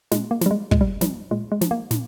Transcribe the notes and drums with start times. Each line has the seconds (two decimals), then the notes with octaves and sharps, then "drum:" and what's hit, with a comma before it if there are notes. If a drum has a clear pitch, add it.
0.11 A#2 G#3, drum: snare
0.31 A#3
0.41 F3 G3, drum: snare
0.51 G#3
0.71 A#2 G#3, drum: kick
0.81 G3
1.01 F3 G3, drum: snare
1.31 A#2 G#3
1.52 G#3
1.61 F3, drum: snare
1.71 A#3
1.91 A#2, drum: snare